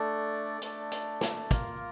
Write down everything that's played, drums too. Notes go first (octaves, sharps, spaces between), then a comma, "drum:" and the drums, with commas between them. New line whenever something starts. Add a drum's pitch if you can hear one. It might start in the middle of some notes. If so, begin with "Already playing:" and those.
Already playing: A3 D4 A4 D5
A3 D4 A4 D5, drum: hi-hat
drum: hi-hat
drum: snare
A#3 F4 A#4, drum: kick, hi-hat